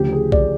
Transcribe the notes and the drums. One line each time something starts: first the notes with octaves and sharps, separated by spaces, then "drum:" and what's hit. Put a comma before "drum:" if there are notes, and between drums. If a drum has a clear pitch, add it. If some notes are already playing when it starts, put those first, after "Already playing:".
Already playing: D2 C#3 F3 G4
G#4
D5, drum: kick B1